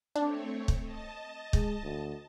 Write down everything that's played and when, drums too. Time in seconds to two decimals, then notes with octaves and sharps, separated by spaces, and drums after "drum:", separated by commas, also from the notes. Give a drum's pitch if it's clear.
0.16 A3 C4 D4 C#5
0.68 drum: kick
0.82 D#5 A5
1.53 G#3, drum: kick
1.84 D2